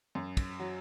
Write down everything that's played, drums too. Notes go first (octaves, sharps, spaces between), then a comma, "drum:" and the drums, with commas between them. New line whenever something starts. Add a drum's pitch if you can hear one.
F#2
drum: kick, cymbal
F#3